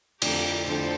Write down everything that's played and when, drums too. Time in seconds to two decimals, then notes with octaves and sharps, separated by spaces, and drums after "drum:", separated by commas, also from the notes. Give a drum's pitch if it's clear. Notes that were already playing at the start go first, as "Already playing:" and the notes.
0.22 F2 D3 A3 D4 G4 A#4, drum: cymbal
0.66 F2 D3 A3 D4 A4 C5